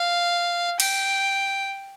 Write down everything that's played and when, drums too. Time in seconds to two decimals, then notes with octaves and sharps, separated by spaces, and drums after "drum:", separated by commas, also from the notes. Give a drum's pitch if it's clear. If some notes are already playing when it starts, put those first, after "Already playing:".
Already playing: F5
0.80 G5, drum: cymbal